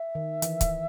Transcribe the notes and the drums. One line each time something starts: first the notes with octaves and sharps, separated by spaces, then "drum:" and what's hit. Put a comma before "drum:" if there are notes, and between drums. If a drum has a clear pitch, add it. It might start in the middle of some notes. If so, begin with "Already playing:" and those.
Already playing: E5
D#3
E3, drum: hi-hat
drum: kick C#1, hi-hat